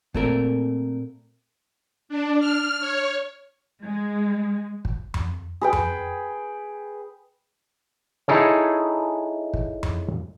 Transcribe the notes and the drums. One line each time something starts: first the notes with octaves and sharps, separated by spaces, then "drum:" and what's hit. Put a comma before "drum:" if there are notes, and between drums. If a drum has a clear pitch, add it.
A#2 A3 C4 A#4, drum: kick
D4
F6
C#5
G#3
drum: kick
drum: tom F2
G#4 B4 G5
drum: tom F2
D#4 E4 G#4 A4 C#5
drum: kick
drum: tom F2